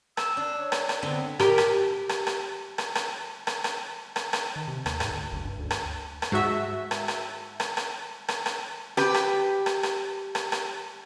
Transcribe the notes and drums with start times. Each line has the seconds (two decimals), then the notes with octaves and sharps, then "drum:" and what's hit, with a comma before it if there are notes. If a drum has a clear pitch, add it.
0.17 E6, drum: rim click
0.37 D4
0.60 C#5
0.72 drum: rim click
0.89 drum: rim click
1.03 D3 B3 C4
1.40 G4 A#4, drum: rim click
1.58 drum: rim click
2.09 drum: rim click
2.27 drum: rim click
2.78 drum: rim click
2.95 drum: rim click
3.47 drum: rim click
3.64 drum: rim click
4.16 drum: rim click
4.33 drum: rim click
4.56 D#3
4.68 C3
4.86 D#2, drum: rim click
5.00 G#2, drum: rim click
5.11 D2
5.32 F#1
5.45 G2
5.59 D2
5.71 drum: rim click
6.22 drum: rim click
6.32 G#2 F#4 E5
6.91 drum: rim click
7.08 drum: rim click
7.60 drum: rim click
7.77 drum: rim click
8.28 drum: rim click
8.46 drum: rim click
8.97 G4 B4, drum: rim click
9.14 drum: rim click
9.66 drum: rim click
9.83 drum: rim click
10.35 drum: rim click
10.52 drum: rim click